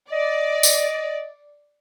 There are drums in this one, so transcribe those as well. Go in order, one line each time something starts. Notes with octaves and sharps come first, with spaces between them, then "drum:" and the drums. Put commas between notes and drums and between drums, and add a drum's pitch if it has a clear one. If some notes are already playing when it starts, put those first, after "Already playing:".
D5 D#5
drum: tambourine